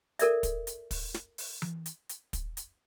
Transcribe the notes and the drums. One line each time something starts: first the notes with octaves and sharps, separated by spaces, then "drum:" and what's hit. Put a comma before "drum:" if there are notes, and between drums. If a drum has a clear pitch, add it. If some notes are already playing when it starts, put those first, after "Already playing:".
A4 A#4 D5 E5, drum: hi-hat
drum: kick, hi-hat
drum: hi-hat
drum: kick, open hi-hat
drum: snare
drum: open hi-hat
drum: tom E3
drum: hi-hat
drum: hi-hat
drum: kick, hi-hat
drum: hi-hat